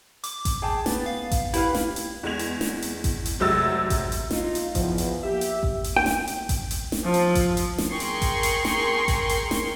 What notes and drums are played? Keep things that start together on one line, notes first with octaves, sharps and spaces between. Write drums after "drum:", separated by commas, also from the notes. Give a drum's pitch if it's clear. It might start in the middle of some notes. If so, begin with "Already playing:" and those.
D6, drum: hi-hat
drum: kick A1, hi-hat
G#4 G5 A5
B3 A6, drum: snare
F5
drum: kick A1, hi-hat
E4 G4 B4 F5, drum: hi-hat
drum: snare
drum: hi-hat
E2 G#3 G#6 F7
drum: hi-hat
drum: snare
drum: hi-hat
drum: kick A1, hi-hat
drum: hi-hat
F1 C3 F#3 G#3 E6 A6
drum: kick A1, hi-hat
drum: hi-hat
D#4 F4, drum: snare
drum: hi-hat
E2 F3, drum: kick A1, hi-hat
drum: hi-hat
A#3 G4 E5
drum: hi-hat
drum: kick A1
drum: hi-hat
G5
drum: snare
drum: hi-hat
drum: kick A1, hi-hat
drum: hi-hat
drum: snare
F3
drum: hi-hat
drum: kick A1, hi-hat
drum: hi-hat
drum: snare
G#4 A#4 G5 C6 C#6
drum: hi-hat
drum: kick A1, hi-hat
drum: hi-hat
drum: snare
drum: kick A1, hi-hat
drum: hi-hat
drum: snare